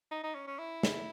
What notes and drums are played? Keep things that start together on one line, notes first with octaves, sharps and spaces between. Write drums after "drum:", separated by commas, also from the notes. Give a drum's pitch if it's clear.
D#4
D#4
C#4
C#4
E4
drum: snare